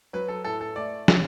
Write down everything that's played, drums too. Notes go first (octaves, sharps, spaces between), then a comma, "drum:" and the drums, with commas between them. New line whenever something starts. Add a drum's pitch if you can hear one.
F#3 B4
A4
A2 A4
A4
A3 D5
C#4, drum: snare